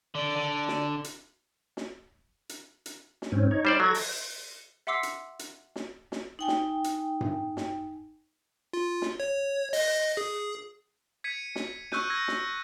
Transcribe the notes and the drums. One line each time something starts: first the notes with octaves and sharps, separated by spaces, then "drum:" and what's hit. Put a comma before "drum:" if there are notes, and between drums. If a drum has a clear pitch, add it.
D3 D5
D3
drum: snare
drum: hi-hat
drum: snare
drum: hi-hat
drum: hi-hat
drum: snare
G#2 C4 C#4
D#4 C#5
G3 C5 D5
F#3 A4 G#6 A#6
drum: open hi-hat
E5 F#5 C6 D6 E6 C7
drum: hi-hat
drum: hi-hat
drum: snare
drum: snare
D#4 G5 G#5
drum: snare
drum: hi-hat
drum: tom G2
drum: snare
F4
drum: snare
C#5
D#5, drum: open hi-hat
G#4
G#6 B6 C#7 D#7
drum: snare
C#6 E6 F#6 G6 D#7, drum: snare
E6 G#6 A#6
drum: snare